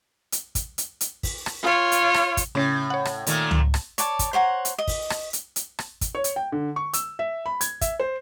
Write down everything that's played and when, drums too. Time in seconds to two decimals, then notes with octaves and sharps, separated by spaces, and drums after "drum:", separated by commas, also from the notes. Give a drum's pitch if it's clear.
0.32 drum: hi-hat
0.55 drum: kick, hi-hat
0.78 drum: hi-hat
1.01 drum: hi-hat
1.23 drum: kick, open hi-hat
1.46 drum: rim click
1.62 F4 C#5
1.92 drum: hi-hat
2.14 drum: rim click
2.37 drum: kick, hi-hat
2.55 A2 C#3 C#4
2.90 C#5 F#5
3.05 drum: rim click
3.27 A#2 D#3 A3, drum: hi-hat
3.51 drum: tom C#2
3.74 drum: rim click
3.98 C#5 D5 A5, drum: hi-hat
4.19 drum: kick, hi-hat
4.33 C5 C#5 F#5 A#5
4.65 drum: hi-hat
4.78 D#5
4.88 drum: kick, open hi-hat
5.10 drum: rim click
5.33 drum: hi-hat
5.56 drum: hi-hat
5.79 drum: rim click
6.01 drum: kick, hi-hat
6.15 C#5
6.24 drum: hi-hat
6.36 G5
6.52 D3
6.76 C#6
6.93 E6, drum: hi-hat
7.19 E5
7.46 B5
7.61 G#6, drum: hi-hat
7.81 E5, drum: kick, hi-hat
8.00 C5